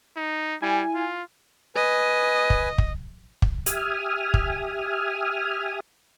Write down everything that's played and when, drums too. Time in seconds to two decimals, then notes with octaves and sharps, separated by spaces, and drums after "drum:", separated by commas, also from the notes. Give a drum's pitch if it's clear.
0.16 D#4
0.62 G3 E4 G#5
0.95 F4
1.76 B4 D#5 G#5
2.50 drum: kick
2.78 drum: kick
3.42 drum: kick
3.66 G4 E5 G#5 D#6 F6, drum: hi-hat
4.34 drum: kick